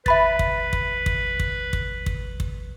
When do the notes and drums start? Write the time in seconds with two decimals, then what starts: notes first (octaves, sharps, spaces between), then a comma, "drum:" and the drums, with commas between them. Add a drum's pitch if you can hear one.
0.06 B4 E5 B5 A6, drum: kick
0.39 drum: kick
0.73 drum: kick
1.06 drum: kick
1.40 drum: kick
1.73 drum: kick
2.06 drum: kick
2.40 drum: kick